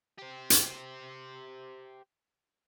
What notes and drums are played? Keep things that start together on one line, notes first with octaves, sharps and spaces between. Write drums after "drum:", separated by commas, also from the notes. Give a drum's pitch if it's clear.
G4 C5
drum: hi-hat